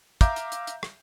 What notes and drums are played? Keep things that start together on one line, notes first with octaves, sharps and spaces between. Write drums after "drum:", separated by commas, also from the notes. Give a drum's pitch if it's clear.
E5 F5 A#5 D6 G6, drum: kick, hi-hat
drum: hi-hat
drum: hi-hat
drum: hi-hat
drum: rim click